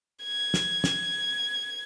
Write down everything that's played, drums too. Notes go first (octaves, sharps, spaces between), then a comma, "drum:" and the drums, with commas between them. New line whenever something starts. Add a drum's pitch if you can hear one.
G#6
drum: snare
drum: snare